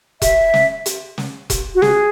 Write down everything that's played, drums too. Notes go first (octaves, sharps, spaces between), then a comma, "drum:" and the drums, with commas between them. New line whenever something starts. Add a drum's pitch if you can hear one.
E5, drum: kick E1, hi-hat
drum: snare
drum: hi-hat
drum: snare
drum: kick E1, hi-hat
F#4
G#4, drum: snare